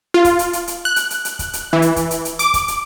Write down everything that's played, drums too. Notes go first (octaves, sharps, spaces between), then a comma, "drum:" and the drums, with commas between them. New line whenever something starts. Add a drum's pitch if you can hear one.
F4
drum: kick, hi-hat
drum: hi-hat
drum: hi-hat
drum: hi-hat
F#6
drum: hi-hat
drum: hi-hat
drum: hi-hat
drum: kick, hi-hat
drum: hi-hat
E3
drum: hi-hat
drum: kick, hi-hat
drum: hi-hat
drum: hi-hat
D6, drum: hi-hat
drum: kick, hi-hat
drum: hi-hat